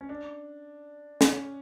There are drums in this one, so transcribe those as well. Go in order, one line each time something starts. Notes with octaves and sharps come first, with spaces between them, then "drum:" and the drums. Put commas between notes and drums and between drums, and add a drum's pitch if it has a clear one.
C#4
D4
C#4, drum: snare